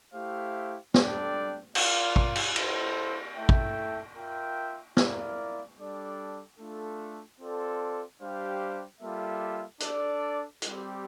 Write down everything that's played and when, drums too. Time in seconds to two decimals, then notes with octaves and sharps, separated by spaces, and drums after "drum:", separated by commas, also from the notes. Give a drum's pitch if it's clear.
0.13 A3 E4 G4 C5 F5
0.94 G3 D4 A4 D5 G5, drum: snare
1.75 F4 A#4 D5 F5, drum: cymbal
2.16 drum: kick
2.35 drum: cymbal
2.56 E4 A4 C5, drum: cymbal
3.36 A3 E4 A4 E5 G5
3.49 drum: kick
4.16 F4 A#4 E5 G5
4.97 E4 A#4 D5 F5, drum: snare
5.77 G3 D4 A4 D5
6.58 A3 D4 F4 A4
7.39 C4 F4 A4 D5
8.20 G3 D4 G4 C5 F5
9.00 G3 A#3 F4 A4 E5
9.80 D4 A4 D5, drum: hi-hat
10.62 G3 C4 G4, drum: hi-hat